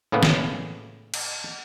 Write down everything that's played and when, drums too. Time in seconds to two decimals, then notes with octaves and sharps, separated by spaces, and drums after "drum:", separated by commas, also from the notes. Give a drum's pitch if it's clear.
0.12 A2 C#3 A#3 B3
0.23 drum: snare
1.14 drum: cymbal